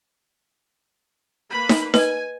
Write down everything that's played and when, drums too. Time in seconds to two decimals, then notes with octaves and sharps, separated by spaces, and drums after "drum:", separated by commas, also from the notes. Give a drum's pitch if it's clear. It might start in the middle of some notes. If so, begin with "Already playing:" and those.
1.50 A#3 B4 B5
1.69 drum: snare D#4
1.94 B4 D#5 G#5, drum: snare D#4